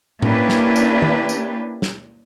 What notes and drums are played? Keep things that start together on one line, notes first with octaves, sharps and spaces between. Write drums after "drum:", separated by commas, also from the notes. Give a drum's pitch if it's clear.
A#3 C#4 D4 E4 G4 B4, drum: tom A2
drum: snare
drum: tambourine
drum: tom D#3
drum: tambourine
drum: snare